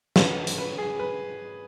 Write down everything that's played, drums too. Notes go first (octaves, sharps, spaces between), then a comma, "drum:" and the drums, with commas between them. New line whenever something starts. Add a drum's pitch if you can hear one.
B4, drum: snare
drum: hi-hat
B4
G#4
B4